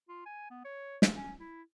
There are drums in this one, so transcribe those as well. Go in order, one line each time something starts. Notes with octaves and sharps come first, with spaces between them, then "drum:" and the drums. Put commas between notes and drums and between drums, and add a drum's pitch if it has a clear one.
F4
G#5
B3
C#5
drum: snare
C#4
E4